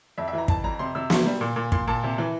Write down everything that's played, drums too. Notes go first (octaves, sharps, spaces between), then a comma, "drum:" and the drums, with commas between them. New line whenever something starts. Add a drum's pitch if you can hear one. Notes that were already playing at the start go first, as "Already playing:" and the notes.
F2 E5
E5
E3 A#5
F2 A5, drum: kick
F2 A#5
C3 C6
C3 E6
C3 C6, drum: snare
G3
A#2
A#2
A#2 C6, drum: kick
A#2 A5
C3
E3